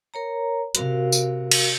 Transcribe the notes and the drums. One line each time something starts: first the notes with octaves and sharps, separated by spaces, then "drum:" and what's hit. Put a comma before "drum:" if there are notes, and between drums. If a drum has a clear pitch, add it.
A#4 C#5 A#5
C3 F#4 A#4 F5, drum: hi-hat
drum: tambourine
drum: cymbal